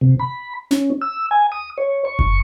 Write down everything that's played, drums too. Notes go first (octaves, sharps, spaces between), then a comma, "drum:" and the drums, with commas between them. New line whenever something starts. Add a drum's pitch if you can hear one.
C3
B5
C#4, drum: snare
E6
G#5
D#6
C#5
C#6
drum: kick F#1